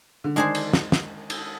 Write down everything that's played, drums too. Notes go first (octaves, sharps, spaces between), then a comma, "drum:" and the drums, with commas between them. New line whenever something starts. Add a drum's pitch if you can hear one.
D3
D#3 G#3 D4 G#4 C5
drum: cymbal
drum: snare
drum: snare
drum: cymbal